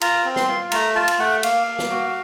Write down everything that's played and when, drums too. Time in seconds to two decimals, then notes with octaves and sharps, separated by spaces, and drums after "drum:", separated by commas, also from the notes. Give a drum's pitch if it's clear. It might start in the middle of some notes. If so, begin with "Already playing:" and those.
0.01 F4 A#5, drum: cymbal
0.25 C4
0.36 C6, drum: snare
0.49 F4
0.72 A3 A#5, drum: cymbal
0.95 F4 A5
1.08 drum: cymbal
1.19 A3 F#5
1.43 A#3 F5, drum: cymbal
1.67 A#3
1.79 drum: snare
1.90 F#4